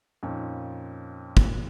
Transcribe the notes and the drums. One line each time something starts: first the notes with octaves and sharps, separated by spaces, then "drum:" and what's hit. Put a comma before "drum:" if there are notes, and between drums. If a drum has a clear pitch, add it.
F2 A#2 C#4 D#4
drum: kick